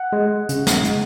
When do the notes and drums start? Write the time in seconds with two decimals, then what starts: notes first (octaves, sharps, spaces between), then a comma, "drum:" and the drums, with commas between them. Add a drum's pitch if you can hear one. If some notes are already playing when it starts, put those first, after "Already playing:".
Already playing: F#5
0.13 G#3
0.49 C#3, drum: hi-hat
0.67 drum: snare
0.85 G#3, drum: hi-hat